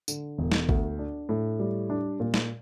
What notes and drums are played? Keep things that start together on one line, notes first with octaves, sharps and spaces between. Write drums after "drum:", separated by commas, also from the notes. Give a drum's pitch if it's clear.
D3, drum: tambourine
E1
drum: snare
D2, drum: kick G#1
D4
A2
G3
D4
A#2
drum: snare